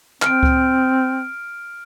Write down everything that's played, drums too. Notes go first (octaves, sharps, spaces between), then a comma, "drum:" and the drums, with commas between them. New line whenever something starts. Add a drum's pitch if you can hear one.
C4 F6 D7, drum: clap
drum: kick C#2